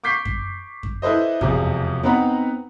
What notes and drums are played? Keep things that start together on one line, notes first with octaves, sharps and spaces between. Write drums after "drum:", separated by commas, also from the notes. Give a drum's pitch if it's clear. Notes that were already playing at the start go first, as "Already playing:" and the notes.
C#6 D6 G6 B6 C7
drum: kick F#2
drum: kick F#2
E4 A4 B4 C5 D#5
E1 F2 C3 F3 G#4, drum: kick F#2
B3 C4 D#4 F#5 A#5 B5